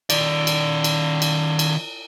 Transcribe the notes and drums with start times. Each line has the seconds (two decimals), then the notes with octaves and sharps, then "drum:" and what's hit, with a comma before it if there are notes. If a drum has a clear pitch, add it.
0.10 D#3 D5, drum: cymbal
0.47 drum: cymbal
0.84 drum: cymbal
1.22 drum: cymbal
1.59 drum: cymbal